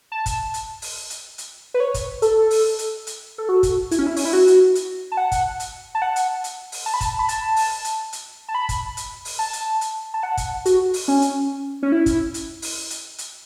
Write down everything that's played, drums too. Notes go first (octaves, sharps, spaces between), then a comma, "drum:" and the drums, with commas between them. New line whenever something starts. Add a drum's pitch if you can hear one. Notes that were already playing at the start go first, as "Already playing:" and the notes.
A5
drum: kick, hi-hat
drum: hi-hat
drum: open hi-hat
drum: hi-hat
drum: hi-hat
B4
C#5
drum: kick, hi-hat
A4, drum: hi-hat
drum: open hi-hat
drum: hi-hat
drum: hi-hat
A4
F#4
drum: kick, hi-hat
E4, drum: hi-hat
C#4
E4
C#4, drum: open hi-hat
E4
F#4
drum: hi-hat
drum: hi-hat
A5
F#5
drum: kick, hi-hat
drum: hi-hat
A5
F#5
drum: hi-hat
drum: hi-hat
drum: open hi-hat
A5
B5
A5, drum: kick, hi-hat
B5
A5, drum: hi-hat
drum: open hi-hat
drum: hi-hat
drum: hi-hat
A5
B5
drum: kick, hi-hat
drum: hi-hat
drum: open hi-hat
A5
drum: hi-hat
drum: hi-hat
A5
F#5
drum: kick, hi-hat
F#4, drum: hi-hat
drum: open hi-hat
C#4
drum: hi-hat
C#4
E4
drum: kick, hi-hat
drum: hi-hat
drum: open hi-hat
drum: hi-hat
drum: hi-hat